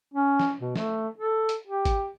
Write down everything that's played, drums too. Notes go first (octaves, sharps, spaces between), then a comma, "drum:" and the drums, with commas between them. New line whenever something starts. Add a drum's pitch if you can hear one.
C#4
drum: snare
B2
A3, drum: snare
A4
drum: hi-hat
G4
drum: kick G#1, hi-hat